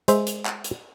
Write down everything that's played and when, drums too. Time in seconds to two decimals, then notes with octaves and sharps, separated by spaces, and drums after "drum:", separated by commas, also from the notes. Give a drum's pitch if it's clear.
0.08 G#3 C5 E5, drum: hi-hat
0.27 drum: hi-hat
0.46 drum: clap
0.64 drum: hi-hat